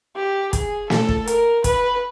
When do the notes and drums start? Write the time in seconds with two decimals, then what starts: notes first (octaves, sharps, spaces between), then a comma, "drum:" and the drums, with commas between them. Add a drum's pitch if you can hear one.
0.16 G4
0.53 G#4, drum: kick, hi-hat
0.90 A4, drum: snare
1.09 drum: kick
1.27 A#4, drum: hi-hat
1.64 B4, drum: kick, hi-hat